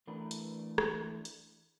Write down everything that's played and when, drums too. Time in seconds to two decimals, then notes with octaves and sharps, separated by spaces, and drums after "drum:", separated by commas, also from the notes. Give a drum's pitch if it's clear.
0.07 E3 A3 D4 A#4 B4
0.31 drum: hi-hat
0.78 drum: rim click
1.25 drum: hi-hat